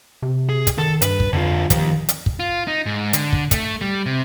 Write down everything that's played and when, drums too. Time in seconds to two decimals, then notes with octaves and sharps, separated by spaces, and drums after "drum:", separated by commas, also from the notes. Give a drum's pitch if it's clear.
0.22 C3
0.49 G#4
0.67 drum: kick, hi-hat
0.78 D#3 A4
1.02 G2 B4, drum: hi-hat
1.20 drum: kick
1.33 F2 D3 F4
1.70 D#3 F3 G4, drum: kick, hi-hat
2.09 drum: hi-hat
2.26 drum: kick
2.40 F4
2.67 D#4
2.86 G#2
3.13 D3, drum: hi-hat
3.33 drum: kick
3.51 A3, drum: kick, hi-hat
3.81 G3
4.06 C3